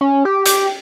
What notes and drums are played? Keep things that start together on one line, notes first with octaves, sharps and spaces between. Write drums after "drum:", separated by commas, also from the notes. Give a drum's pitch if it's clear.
C#4
G4
G4, drum: hi-hat